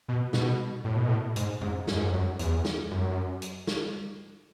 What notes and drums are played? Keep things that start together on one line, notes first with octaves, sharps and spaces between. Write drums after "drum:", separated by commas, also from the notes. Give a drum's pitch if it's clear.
B2
B2, drum: snare
A2
B2
A2
G#2, drum: hi-hat
G#2, drum: tom F2
F#2, drum: snare
G#2
F#2
F#2
E2, drum: hi-hat
drum: snare
F#2
drum: hi-hat
drum: snare